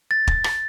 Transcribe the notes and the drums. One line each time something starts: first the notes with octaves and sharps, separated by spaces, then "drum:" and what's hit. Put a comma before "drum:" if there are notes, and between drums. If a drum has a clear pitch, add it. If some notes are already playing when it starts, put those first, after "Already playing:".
A6
drum: kick
drum: rim click